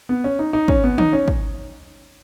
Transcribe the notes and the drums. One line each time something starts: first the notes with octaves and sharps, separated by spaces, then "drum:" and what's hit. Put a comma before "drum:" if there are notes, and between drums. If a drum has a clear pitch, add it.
B3
C#4
D#4
D#4
C#4, drum: kick
B3
D#4, drum: tom D#3
C#4
drum: kick